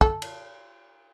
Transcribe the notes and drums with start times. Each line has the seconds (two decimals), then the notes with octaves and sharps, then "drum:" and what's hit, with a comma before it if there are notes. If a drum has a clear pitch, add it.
0.01 A4, drum: kick
0.22 drum: cymbal